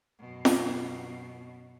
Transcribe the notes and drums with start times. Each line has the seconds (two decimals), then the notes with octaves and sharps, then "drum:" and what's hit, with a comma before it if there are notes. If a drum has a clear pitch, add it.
0.19 F#2 B2
0.45 drum: snare F4